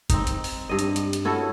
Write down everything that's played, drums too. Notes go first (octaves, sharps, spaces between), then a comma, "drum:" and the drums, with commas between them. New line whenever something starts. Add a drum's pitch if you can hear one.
C4 D#4, drum: kick, hi-hat
drum: hi-hat
drum: open hi-hat
G2 D#5
drum: hi-hat
drum: hi-hat
drum: hi-hat
C#4 E4 F#4 A4